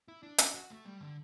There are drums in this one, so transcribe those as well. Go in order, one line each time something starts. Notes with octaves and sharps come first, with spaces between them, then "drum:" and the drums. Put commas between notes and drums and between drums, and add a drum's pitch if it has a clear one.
E4
D4
F#4, drum: hi-hat
F#4
A3
G3
D3